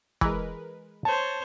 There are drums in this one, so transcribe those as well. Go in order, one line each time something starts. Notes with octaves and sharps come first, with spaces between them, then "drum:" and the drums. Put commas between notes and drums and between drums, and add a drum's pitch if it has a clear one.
E3 G#3 A#4 B4, drum: kick
C5 C#5 A5